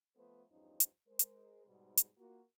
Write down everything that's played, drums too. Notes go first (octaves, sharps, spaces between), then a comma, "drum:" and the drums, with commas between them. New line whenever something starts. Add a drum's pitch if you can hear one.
F3 A3 B3 A4 B4 C5
E2 G2 F3 C#4 D#4
drum: hi-hat
G#3 A#4 C5
drum: hi-hat
G#2 B2 G3
drum: hi-hat
A#3 F4 F#4